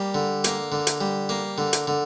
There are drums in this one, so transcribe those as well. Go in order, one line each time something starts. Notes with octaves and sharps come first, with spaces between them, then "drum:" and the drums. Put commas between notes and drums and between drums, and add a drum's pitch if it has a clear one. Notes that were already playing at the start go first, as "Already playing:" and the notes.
Already playing: G3 A#3
D3
A#3, drum: hi-hat
D3
drum: hi-hat
G3
A#3
D3
drum: hi-hat
D3